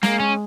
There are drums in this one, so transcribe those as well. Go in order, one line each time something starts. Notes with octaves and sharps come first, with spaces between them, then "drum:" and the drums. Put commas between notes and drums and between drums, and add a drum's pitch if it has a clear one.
G#3 A#3, drum: snare
C#4